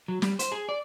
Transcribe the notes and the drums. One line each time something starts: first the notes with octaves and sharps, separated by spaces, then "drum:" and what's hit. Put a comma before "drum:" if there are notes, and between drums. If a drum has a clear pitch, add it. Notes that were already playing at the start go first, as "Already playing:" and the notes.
F#3
G3, drum: snare
C5, drum: hi-hat
G#4
D5